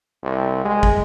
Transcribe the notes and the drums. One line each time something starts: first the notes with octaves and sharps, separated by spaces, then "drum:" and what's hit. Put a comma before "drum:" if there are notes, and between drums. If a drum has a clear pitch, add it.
C2
G#3
drum: kick